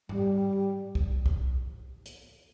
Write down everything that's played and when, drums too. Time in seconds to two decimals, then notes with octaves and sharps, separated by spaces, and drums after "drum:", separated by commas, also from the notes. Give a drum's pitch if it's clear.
0.09 G3, drum: tom G#2
0.95 drum: kick B1
1.26 drum: kick B1
2.06 drum: hi-hat